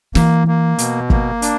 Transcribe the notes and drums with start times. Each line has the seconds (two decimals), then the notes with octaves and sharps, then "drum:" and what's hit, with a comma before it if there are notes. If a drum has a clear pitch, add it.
0.15 E3 A#3, drum: snare
0.48 A#3
0.78 B2, drum: hi-hat
1.10 A#3, drum: kick
1.42 D4, drum: hi-hat